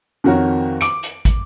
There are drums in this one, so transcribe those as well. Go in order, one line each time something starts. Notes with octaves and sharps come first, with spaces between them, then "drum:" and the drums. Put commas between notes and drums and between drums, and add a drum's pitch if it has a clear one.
F2 D#3 F#4 A#4 C#5
D6 D7, drum: hi-hat
drum: hi-hat
drum: kick, hi-hat